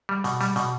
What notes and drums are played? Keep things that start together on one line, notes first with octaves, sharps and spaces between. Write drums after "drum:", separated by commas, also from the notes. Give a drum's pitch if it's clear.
G3
B2, drum: hi-hat
G3, drum: hi-hat
B2, drum: hi-hat